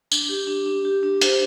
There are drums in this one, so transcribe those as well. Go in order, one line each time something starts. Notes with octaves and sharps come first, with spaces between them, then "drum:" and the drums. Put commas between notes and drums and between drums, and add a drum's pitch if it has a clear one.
D4, drum: tambourine
G4
D4
D4
G4
D4
C5, drum: hi-hat